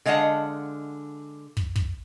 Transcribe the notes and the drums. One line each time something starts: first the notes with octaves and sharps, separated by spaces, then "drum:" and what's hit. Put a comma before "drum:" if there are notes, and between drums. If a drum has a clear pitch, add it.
D3 G#3 D#5 F5 F#5 A5
drum: kick
drum: kick